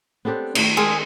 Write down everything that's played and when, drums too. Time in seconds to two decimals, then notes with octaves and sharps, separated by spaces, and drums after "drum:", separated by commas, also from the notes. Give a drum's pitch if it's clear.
0.25 B3 C4 D4 G4 A4 C5
0.55 D#3 A3 D5, drum: cymbal
0.77 G#3 C4 G#4 A#4